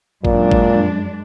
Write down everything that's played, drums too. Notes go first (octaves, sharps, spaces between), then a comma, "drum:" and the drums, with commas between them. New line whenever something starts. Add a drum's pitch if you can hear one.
F#2 A#2 G#3 D4, drum: kick G#1
drum: kick G#1